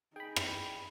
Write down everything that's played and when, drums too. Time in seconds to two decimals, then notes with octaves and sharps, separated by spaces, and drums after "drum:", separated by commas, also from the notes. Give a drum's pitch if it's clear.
0.16 D#4 G#4 G5 B5
0.36 drum: rim click